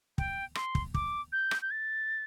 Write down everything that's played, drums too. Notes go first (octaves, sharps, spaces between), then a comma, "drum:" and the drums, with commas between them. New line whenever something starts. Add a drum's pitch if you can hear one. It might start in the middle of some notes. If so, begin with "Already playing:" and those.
G5, drum: kick
C6, drum: rim click
drum: kick
D6, drum: kick
G6
drum: rim click
G6
A6